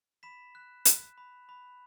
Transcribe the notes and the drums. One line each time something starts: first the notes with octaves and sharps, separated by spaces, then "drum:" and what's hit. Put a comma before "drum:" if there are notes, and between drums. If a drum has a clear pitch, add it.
B5 B6 E7
F#6
F#6, drum: hi-hat
B5
B5